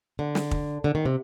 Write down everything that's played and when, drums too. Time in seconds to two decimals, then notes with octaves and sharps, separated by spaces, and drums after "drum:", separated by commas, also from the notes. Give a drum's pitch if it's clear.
0.19 D3
0.35 drum: snare
0.51 drum: kick
0.84 D3
0.95 D#3
1.05 C3